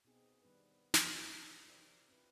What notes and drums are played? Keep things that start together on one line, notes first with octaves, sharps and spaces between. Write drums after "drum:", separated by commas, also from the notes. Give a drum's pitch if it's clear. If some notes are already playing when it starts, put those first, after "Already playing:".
B2 B3 C4 D#4 G#4
D#3 G3 B3 D4 B4
C3 A3 A#4, drum: snare
E4 G4 A#4 C5 D5
C4 D4 F4 B4